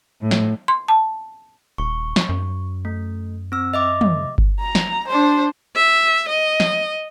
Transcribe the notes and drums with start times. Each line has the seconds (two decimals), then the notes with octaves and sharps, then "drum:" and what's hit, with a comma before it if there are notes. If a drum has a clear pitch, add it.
0.21 A2
0.31 drum: snare
0.68 C6
0.88 A5
1.78 D#1 C#6
2.16 drum: snare
2.29 F#2
2.85 A3
3.52 C4 E6
3.74 D#5 E5 D6
4.01 drum: tom
4.38 drum: kick G1
4.60 A#5
4.75 drum: snare
5.08 D4 C5
5.76 E5
6.29 D#5
6.60 drum: snare